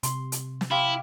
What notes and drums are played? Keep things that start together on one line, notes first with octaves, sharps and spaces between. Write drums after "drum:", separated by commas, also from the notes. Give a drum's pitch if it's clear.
C3 C6, drum: hi-hat
drum: hi-hat
drum: snare
E4 G4 F5 C6